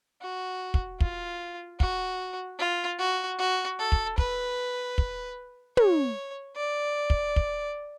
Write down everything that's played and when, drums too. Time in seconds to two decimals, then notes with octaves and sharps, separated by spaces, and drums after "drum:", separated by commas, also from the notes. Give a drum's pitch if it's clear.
0.22 F#4
0.74 drum: kick
1.00 F4, drum: kick
1.80 F#4, drum: kick
2.59 F4
2.99 F#4
3.39 F#4
3.79 A4
3.92 drum: kick
4.18 B4, drum: kick
4.98 drum: kick
5.77 C#5, drum: tom
6.56 D5
7.10 drum: kick
7.36 drum: kick